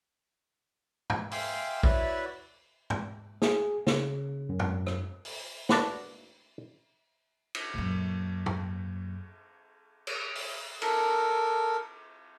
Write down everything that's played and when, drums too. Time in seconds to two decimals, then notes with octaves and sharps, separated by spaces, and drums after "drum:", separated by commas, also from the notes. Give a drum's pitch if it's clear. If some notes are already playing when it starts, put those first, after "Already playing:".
1.10 drum: tom
1.31 E5 F5 G5 G#5 C6 D6, drum: open hi-hat
1.83 E4 F#4 B4 C#5 D5 E5, drum: kick A#1
2.90 drum: tom
3.42 G#4, drum: snare
3.87 C#3, drum: snare
4.49 F#2
4.59 drum: tom
4.87 drum: rim click
5.25 drum: open hi-hat
5.69 D4 F#4 B4 F#5, drum: snare
7.55 drum: cymbal
7.74 F#2 A#2
8.46 drum: tom
10.07 drum: cymbal
10.35 drum: open hi-hat
10.82 A4 A#4, drum: cymbal